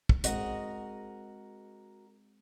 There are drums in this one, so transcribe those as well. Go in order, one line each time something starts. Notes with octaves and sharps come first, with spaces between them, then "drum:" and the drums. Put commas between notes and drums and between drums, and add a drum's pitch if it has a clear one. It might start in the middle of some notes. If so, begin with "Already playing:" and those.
drum: kick
G#3 C4 F#4 A#4 D#5, drum: hi-hat